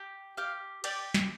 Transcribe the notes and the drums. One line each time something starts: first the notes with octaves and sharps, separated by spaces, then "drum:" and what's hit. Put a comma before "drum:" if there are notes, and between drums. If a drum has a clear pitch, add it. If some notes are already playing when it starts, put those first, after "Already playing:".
Already playing: G4
G4 F5
G4 D5, drum: cymbal
drum: snare